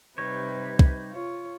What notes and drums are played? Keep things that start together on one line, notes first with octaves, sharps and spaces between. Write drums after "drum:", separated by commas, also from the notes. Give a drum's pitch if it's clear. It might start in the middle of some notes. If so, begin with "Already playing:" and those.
C3 G3 D#4 B4 C#5
drum: kick
F4 C#5